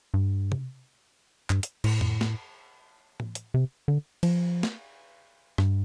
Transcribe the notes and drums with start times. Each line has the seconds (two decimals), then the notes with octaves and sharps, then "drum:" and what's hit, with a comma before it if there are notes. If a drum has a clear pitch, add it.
0.14 G2
0.52 drum: tom C3
1.50 G2, drum: clap
1.63 drum: hi-hat
1.84 A2, drum: cymbal
2.01 drum: tom F2
2.21 drum: snare
3.20 drum: tom A2
3.35 drum: hi-hat
3.54 C3
3.88 D3
4.23 F3, drum: cymbal
4.63 drum: snare
5.58 G2, drum: rim click